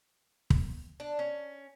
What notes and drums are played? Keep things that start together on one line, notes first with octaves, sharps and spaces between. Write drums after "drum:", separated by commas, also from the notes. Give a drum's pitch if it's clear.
drum: kick
D4
C#4